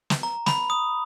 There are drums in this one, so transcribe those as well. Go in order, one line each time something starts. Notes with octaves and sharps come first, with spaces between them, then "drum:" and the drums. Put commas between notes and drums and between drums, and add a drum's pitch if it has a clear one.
drum: snare
A#5
B5, drum: snare
D#6